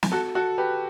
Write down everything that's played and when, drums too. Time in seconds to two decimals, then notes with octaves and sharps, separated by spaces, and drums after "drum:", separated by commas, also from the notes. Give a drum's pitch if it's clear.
0.03 drum: snare
0.12 F#4 A4
0.35 F#4 A4
0.58 G4 B4